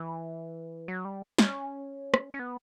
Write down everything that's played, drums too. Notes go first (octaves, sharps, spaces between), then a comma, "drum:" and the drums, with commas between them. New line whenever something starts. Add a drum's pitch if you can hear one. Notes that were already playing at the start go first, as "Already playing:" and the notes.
Already playing: E3
F#3
G3
C#4, drum: snare
drum: rim click
C#4
B3